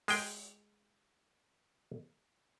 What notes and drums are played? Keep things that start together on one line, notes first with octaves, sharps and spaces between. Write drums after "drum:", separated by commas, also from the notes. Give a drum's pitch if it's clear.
G#3 G#4 G5, drum: open hi-hat